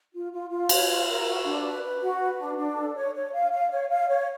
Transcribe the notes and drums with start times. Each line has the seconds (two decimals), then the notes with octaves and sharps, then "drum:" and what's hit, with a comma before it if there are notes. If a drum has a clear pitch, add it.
0.12 F4
0.31 F4
0.50 F4
0.69 C#5, drum: cymbal
0.88 F4
1.06 A#4
1.26 F#4
1.44 D4
1.63 B4
1.82 B4
2.01 F#4
2.20 B4
2.39 D4
2.57 D4
2.76 A4
2.95 C#5
3.14 C#5
3.33 F5
3.52 F5
3.71 C#5
3.89 F5
4.08 C#5